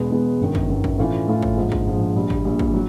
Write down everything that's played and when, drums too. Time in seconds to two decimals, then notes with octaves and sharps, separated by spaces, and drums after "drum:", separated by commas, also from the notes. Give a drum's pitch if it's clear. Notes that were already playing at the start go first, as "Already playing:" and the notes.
Already playing: E1 E2 B2 G#3 B3
0.11 E1 E2 B2 G#3 B3
0.41 G1 F#2 D#3
0.55 drum: kick
0.69 G1 F#2 D#3
0.84 drum: kick
0.98 A2 E3 A3 C#4 F4
1.27 A2 E3 A3 C#4 F4
1.42 drum: kick
1.57 A#1 G#2 F3
1.72 drum: kick
1.87 A#1 G#2 F3
2.15 A#1 A#2 G3
2.30 drum: kick
2.45 A#1 A#2 G3
2.59 drum: kick
2.74 F#3